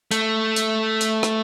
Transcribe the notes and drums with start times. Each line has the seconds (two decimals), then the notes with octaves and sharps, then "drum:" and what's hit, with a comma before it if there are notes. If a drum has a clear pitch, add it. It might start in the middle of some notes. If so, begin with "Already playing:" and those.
0.11 A3, drum: hi-hat
0.56 drum: hi-hat
1.01 drum: hi-hat
1.23 drum: rim click